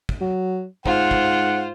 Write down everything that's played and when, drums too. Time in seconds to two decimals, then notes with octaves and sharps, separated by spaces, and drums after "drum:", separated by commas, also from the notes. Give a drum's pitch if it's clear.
0.09 drum: kick
0.21 F#3
0.86 G#2 F4 C5 F#5, drum: kick
1.11 drum: kick